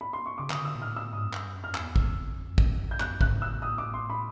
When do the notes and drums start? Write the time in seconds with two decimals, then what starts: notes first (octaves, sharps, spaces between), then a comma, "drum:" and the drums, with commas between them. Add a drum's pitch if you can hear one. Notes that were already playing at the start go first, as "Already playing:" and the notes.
0.01 B5
0.13 C6
0.26 C#6
0.38 C#3 D6
0.50 D3 D#6, drum: clap
0.65 E6
0.75 A#2
0.82 A2 F6
0.96 E6
1.13 G#2 D#6
1.27 F#2
1.33 G2, drum: clap
1.55 F#2
1.64 F6
1.74 E2 E6, drum: clap
1.96 F2, drum: kick
2.17 E2
2.30 F#2
2.38 F2
2.58 G2, drum: kick
2.79 F#2
2.91 G6
3.00 F#2 F#6, drum: clap
3.21 G#2 F#6, drum: kick
3.41 A2 E6
3.62 D#6
3.78 D6
3.94 C6
4.10 B5